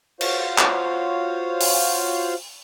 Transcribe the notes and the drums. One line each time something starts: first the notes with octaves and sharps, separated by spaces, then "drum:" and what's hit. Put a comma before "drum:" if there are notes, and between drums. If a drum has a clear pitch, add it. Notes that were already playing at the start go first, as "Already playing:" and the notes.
F4 F#4 C5 C#5 F5, drum: cymbal
drum: clap
drum: open hi-hat